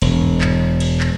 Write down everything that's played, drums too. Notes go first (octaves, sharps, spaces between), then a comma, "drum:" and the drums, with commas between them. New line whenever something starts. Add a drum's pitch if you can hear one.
E1, drum: cymbal
drum: tom G2
drum: clap
drum: cymbal
drum: clap